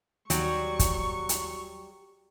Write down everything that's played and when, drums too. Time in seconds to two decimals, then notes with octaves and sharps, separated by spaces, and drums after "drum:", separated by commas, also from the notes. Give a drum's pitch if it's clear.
0.30 D#2 F#3 G3 F#4 C#6, drum: hi-hat
0.79 drum: kick, hi-hat
1.29 drum: hi-hat